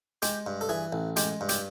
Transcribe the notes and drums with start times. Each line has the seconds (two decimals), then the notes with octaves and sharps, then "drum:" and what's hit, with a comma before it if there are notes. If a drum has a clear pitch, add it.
0.22 G#3 G4, drum: hi-hat
0.46 G2
0.61 A4
0.69 E3 G#4
0.92 A1
1.16 G#3 G4, drum: hi-hat
1.41 G2
1.49 G4, drum: hi-hat